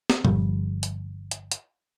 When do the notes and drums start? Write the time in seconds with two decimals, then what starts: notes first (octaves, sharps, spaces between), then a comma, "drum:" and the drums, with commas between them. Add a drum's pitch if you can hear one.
0.10 drum: snare
0.25 G1 F3 G3, drum: tom A#2
0.83 drum: hi-hat
1.31 drum: hi-hat
1.52 drum: hi-hat